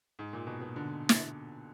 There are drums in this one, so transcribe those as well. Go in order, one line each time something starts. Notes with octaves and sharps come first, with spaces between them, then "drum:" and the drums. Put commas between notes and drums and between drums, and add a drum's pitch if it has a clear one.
G#2
A#2
B2
B2
D3
drum: snare